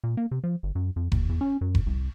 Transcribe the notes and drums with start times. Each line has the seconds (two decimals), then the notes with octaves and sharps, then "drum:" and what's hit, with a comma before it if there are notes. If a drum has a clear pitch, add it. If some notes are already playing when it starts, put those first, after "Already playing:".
0.04 A#2
0.17 A#3
0.31 C3
0.44 F3
0.63 G1
0.75 F#2
0.96 F2
1.12 D#2, drum: kick F1
1.29 E2
1.41 C#4
1.61 F#2
1.75 drum: kick F1
1.86 C2